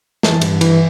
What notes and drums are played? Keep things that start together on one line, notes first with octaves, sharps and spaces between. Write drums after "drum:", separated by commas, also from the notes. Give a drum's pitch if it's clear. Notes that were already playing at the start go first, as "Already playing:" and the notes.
E3 A5, drum: snare
G2, drum: cymbal
E3, drum: cymbal